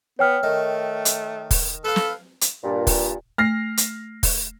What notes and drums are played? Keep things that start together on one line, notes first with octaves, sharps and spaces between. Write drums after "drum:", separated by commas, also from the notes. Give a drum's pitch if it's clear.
B3 C#5 G5 F6
D#3 A3
drum: hi-hat
drum: kick, open hi-hat
A4 B4 F5
drum: snare
drum: hi-hat
G2 A#2
drum: kick, open hi-hat
A3 F6 A#6 C7
drum: hi-hat
drum: kick, open hi-hat